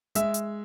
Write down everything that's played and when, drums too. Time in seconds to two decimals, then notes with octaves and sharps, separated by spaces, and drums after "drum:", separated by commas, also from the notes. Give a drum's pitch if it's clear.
0.15 G#3 E5, drum: hi-hat
0.34 drum: hi-hat